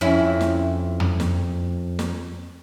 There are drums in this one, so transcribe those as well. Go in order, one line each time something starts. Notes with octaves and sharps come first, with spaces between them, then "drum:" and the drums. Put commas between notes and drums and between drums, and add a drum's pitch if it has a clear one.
F2 C#4 E4
drum: snare
drum: tom
drum: snare
drum: snare